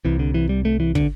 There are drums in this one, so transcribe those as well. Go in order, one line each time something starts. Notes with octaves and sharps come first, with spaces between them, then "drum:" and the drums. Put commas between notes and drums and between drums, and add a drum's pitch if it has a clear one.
C2 C3 E3
D3
E3
G3
A3
E3
D3, drum: kick